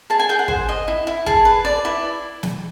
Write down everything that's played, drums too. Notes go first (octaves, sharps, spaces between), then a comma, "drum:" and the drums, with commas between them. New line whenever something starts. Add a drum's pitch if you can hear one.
G#4 A5
G#5
G#4 G5
F#5
C5, drum: kick
D#5
E4
E4
G#4 A5, drum: kick
B4
D5
E4
drum: snare